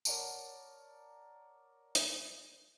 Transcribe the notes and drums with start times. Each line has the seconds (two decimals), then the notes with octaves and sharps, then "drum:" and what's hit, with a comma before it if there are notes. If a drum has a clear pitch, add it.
0.05 A#4 C#5 D5 F#5 A5 A#5, drum: tambourine
1.95 drum: hi-hat